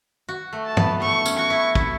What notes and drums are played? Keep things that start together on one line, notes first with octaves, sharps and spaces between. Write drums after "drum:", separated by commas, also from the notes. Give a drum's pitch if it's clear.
F#4
A3
A5
B3, drum: tom
A3 C#6
C#4, drum: tambourine
F#4 C#6
E4
E4, drum: kick